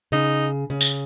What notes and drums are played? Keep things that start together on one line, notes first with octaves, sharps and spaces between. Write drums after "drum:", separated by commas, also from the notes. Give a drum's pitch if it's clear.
C#3 D#4
C#3
drum: tambourine